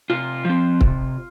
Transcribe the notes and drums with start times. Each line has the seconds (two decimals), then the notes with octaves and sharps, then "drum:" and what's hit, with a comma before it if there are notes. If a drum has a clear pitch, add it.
0.10 C3 F4
0.45 F3 C4
0.81 C3, drum: kick C#1